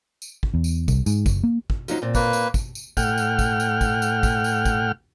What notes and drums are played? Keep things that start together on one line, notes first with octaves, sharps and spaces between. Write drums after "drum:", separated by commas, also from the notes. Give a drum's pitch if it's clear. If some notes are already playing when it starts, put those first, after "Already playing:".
drum: tambourine
drum: kick
E2
drum: tambourine
C2, drum: kick, tambourine
G#2, drum: tambourine
F#1, drum: kick, tambourine
A#3
drum: kick
F3 F#3 D#4, drum: tambourine
A#2 C4
A#3 B4, drum: kick, tambourine
drum: tambourine
drum: kick, tambourine
drum: tambourine
A2 F#5 G5 F6, drum: kick, tambourine
drum: tambourine
drum: kick, tambourine
drum: tambourine
drum: kick, tambourine
drum: tambourine
drum: kick, tambourine
drum: tambourine
drum: kick, tambourine